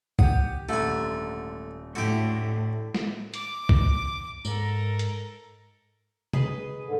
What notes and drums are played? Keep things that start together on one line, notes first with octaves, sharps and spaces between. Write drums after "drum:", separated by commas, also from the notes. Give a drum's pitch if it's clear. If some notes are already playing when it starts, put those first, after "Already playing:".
G4 F#5 D#6, drum: kick
D#1 G#2 D3 A3 G#5
A2 D3 F#4 G4
drum: snare
D6, drum: hi-hat
drum: kick
G#2 A4 A#4, drum: tambourine
drum: hi-hat
G#4 B4 D#5, drum: tom C3
G#2 D3